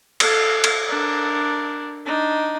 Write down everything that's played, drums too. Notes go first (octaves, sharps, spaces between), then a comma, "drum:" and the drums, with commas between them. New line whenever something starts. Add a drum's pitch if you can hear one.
A4 F5, drum: cymbal
drum: cymbal
D4 A#4
D4 D#4